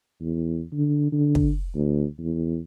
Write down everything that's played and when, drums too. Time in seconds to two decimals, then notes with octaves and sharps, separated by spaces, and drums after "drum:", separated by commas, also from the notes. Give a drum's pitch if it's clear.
0.21 E2
0.73 D3
1.12 D3
1.35 drum: kick
1.75 D2
2.19 E2